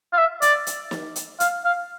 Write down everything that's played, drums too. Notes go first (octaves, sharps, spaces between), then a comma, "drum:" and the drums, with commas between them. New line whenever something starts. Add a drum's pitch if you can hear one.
F5
E5
D5, drum: hi-hat
drum: hi-hat
drum: snare
drum: hi-hat
F5, drum: hi-hat
F5